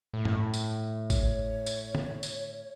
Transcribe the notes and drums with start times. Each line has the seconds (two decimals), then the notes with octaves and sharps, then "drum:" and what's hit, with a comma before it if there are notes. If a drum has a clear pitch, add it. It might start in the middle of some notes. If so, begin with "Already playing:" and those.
0.14 A2
0.25 drum: tom G2
0.54 drum: tambourine
1.10 C#5, drum: kick, tambourine
1.66 drum: tambourine
1.95 drum: tom D3
2.23 drum: tambourine